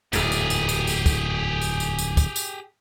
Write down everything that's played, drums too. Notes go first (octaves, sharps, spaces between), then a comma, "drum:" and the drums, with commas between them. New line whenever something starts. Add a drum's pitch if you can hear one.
D1 E2 G#2 G4 G#4, drum: tambourine
drum: tambourine
drum: tambourine
drum: tambourine
drum: tambourine
drum: kick, tambourine
drum: tambourine
drum: tambourine
drum: tambourine
drum: kick, tambourine
drum: tambourine